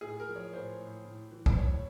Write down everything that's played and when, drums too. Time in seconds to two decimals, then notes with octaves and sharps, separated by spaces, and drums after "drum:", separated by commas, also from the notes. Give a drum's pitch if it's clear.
0.01 A2 G#4
0.20 A#4
0.28 F3
0.36 C#5
0.53 A2 C5
0.80 A2
1.05 A2
1.31 E3
1.46 drum: kick
1.58 A2 C#5